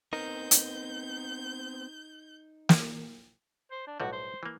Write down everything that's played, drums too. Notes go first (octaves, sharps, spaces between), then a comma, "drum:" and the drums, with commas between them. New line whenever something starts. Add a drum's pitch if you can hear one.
B3 C4 D#4 A#4 G6
drum: hi-hat
drum: snare
C5
D4
B1 A2 G3 F#4
C5
E3 A#3